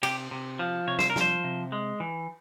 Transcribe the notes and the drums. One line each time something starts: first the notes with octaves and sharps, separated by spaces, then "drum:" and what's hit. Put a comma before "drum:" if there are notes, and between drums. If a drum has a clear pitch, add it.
C3 G4, drum: cymbal
C3
F3
C3 C#5
C5, drum: snare
A#4
F3 C5, drum: snare
C3
G#3
E3